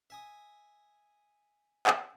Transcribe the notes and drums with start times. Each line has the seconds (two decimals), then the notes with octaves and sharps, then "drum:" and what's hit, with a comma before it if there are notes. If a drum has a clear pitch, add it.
0.10 E5 G#5 D#6
1.87 drum: clap